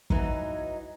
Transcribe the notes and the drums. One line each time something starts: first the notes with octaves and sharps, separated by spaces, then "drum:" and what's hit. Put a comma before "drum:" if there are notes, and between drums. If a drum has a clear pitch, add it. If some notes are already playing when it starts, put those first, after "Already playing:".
E3 F#3 D#4, drum: kick